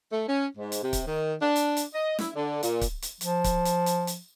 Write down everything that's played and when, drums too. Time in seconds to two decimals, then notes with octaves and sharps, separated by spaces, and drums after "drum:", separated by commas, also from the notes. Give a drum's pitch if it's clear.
0.11 A3
0.28 C#4
0.56 G#2
0.72 drum: hi-hat
0.82 C3
0.93 drum: kick C#1, hi-hat
1.05 D#3
1.40 D4
1.56 drum: hi-hat
1.77 drum: hi-hat
1.94 D#5
2.19 E4, drum: snare
2.35 D3
2.63 A#2, drum: hi-hat
2.81 drum: kick C#1, hi-hat
3.02 drum: hi-hat
3.21 F3, drum: hi-hat
3.44 drum: kick C#1, hi-hat
3.65 drum: hi-hat
3.86 drum: hi-hat
4.07 drum: hi-hat